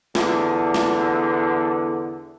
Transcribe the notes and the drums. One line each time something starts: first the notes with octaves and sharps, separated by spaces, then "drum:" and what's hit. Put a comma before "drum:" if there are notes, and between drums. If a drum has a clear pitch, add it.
E2 D3, drum: snare
drum: snare